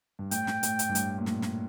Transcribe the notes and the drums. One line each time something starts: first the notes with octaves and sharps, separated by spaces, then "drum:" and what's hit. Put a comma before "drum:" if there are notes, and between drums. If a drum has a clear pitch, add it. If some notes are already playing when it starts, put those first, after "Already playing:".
G2
A2 G5, drum: hi-hat
drum: snare
A2, drum: hi-hat
drum: hi-hat
G2
A2, drum: hi-hat
A#2
A2, drum: snare
drum: snare